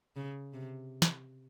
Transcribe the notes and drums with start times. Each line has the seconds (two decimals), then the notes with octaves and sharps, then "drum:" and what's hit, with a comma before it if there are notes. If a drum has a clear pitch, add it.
0.16 C#3
0.53 C3
1.02 drum: snare